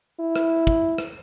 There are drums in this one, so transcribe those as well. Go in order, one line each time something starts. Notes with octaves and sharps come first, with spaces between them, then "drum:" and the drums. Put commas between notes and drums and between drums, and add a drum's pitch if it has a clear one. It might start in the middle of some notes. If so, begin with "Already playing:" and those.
E4
drum: rim click
drum: kick
drum: rim click